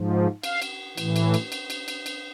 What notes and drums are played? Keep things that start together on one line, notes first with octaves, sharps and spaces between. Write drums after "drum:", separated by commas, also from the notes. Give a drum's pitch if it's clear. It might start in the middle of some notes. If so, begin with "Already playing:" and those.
Already playing: G#2 F3
F5, drum: cymbal
drum: cymbal
A2 E3, drum: cymbal
drum: cymbal
drum: cymbal
drum: cymbal
drum: cymbal
drum: cymbal
drum: cymbal